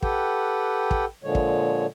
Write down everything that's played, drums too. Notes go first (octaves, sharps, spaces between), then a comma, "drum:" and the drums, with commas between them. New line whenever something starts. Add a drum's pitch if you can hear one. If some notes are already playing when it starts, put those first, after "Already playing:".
G4 A4 B4 F#5 G5, drum: kick
drum: kick
A#2 D3 F3 G#3 C#5
drum: kick